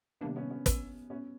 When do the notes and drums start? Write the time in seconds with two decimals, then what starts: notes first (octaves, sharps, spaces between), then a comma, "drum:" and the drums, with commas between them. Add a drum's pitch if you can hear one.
0.21 C3 D#3 G3 A#3 B3 D4
0.36 B3 C#4
0.50 B3 C#4
0.66 drum: kick, hi-hat
1.10 B3 C#4